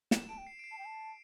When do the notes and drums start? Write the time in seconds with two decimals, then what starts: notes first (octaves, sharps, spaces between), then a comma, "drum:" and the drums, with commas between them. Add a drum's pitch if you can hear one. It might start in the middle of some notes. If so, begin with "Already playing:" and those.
0.11 E7, drum: snare
0.29 A5 D7
0.38 G5
0.47 C7
0.59 D7
0.64 C7
0.71 A5
0.78 G5
0.85 A5